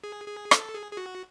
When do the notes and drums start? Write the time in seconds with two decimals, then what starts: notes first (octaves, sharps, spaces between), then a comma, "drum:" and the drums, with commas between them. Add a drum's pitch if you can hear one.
0.04 G#4
0.28 G#4
0.51 A4, drum: rim click
0.74 G#4
0.91 G#4
0.97 F#4